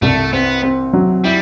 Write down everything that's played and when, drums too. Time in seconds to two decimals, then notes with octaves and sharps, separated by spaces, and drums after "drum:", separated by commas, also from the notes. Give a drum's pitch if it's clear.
0.02 C2 A3, drum: tom G2
0.33 B3 C4
0.63 C4
0.93 F#3
1.24 G3 E4